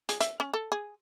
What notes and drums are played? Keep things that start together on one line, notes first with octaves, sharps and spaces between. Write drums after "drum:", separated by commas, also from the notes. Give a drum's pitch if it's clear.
G#4, drum: hi-hat
E5, drum: hi-hat
C#4
A4
G#4